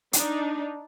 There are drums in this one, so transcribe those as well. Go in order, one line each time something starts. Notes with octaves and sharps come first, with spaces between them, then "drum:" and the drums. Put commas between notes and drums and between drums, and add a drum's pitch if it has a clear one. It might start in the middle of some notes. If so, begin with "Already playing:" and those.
D4 D#4, drum: hi-hat